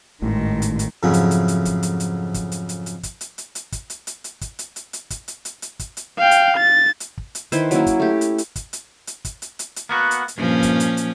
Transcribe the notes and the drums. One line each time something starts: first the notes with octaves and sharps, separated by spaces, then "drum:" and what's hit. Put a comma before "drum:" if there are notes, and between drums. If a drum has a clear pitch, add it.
G#1 A2 D#3 G#3
drum: hi-hat
drum: hi-hat
F2 G#2 C#3 F#3 A3 E4
drum: hi-hat
drum: hi-hat
drum: hi-hat
drum: kick, hi-hat
drum: hi-hat
drum: hi-hat
drum: kick, hi-hat
drum: hi-hat
drum: hi-hat
drum: hi-hat
drum: kick, hi-hat
drum: hi-hat
drum: hi-hat
drum: hi-hat
drum: kick, hi-hat
drum: hi-hat
drum: hi-hat
drum: hi-hat
drum: kick, hi-hat
drum: hi-hat
drum: hi-hat
drum: hi-hat
drum: kick, hi-hat
drum: hi-hat
drum: hi-hat
drum: hi-hat
drum: kick, hi-hat
drum: hi-hat
F5 G5
drum: hi-hat
A6
drum: hi-hat
drum: kick
drum: hi-hat
D#3 E4 B4 C5, drum: hi-hat
F#3 A#3 C#4 E4, drum: hi-hat
drum: kick, hi-hat
A3 G4
drum: hi-hat
drum: hi-hat
drum: kick, hi-hat
drum: hi-hat
drum: hi-hat
drum: kick, hi-hat
drum: hi-hat
drum: hi-hat
drum: hi-hat
A#3 B3 F#4
drum: hi-hat
drum: hi-hat
G2 A#2 F3 C#4
drum: kick, hi-hat
drum: hi-hat
drum: hi-hat